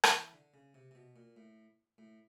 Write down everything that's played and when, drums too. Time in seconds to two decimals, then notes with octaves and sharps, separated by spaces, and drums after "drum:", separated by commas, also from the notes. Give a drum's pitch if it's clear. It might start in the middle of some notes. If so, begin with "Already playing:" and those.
0.04 drum: rim click
0.13 E3
0.33 D3
0.54 C#3
0.74 C3
0.91 C3
0.95 B2
1.16 A#2
1.37 A2
1.98 A2